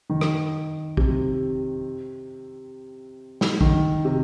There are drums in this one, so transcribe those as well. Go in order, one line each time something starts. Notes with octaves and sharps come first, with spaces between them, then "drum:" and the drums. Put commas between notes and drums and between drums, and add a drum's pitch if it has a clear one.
D#3
drum: rim click
C3, drum: kick A#1
drum: snare
D#3, drum: kick A#1
C3